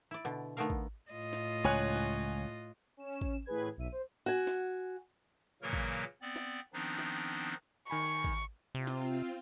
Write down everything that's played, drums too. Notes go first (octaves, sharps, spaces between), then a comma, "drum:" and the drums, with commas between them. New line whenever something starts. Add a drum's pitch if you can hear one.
E4 D5
B2 D3
D3 A3 B3 D#4 A#4 F5
drum: kick A1
A2 F4 D#5
drum: snare
C#2 C#5 G#5 F#6
drum: snare
C#4 E7
drum: kick A1
A2 E3 G#4 B4 G#6
B1 E5 D#7
C5
F#4 G#5
drum: snare
A#2 C#3 E3 F#3 A#3 A#4
drum: kick A1
B3 C4 D5
drum: snare
D#3 F3 B3 C4 D4 D#4
drum: snare
D#3 G#5 B5 C#6
drum: kick A1
C3 C4 F4
drum: snare